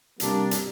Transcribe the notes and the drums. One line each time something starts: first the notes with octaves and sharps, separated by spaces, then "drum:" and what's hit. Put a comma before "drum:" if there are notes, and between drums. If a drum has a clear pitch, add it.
C3 G3 A#3 D4, drum: hi-hat
drum: hi-hat